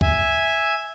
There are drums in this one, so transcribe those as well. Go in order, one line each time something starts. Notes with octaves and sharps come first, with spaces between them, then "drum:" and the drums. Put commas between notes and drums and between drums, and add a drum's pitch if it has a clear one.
E5 G#5, drum: kick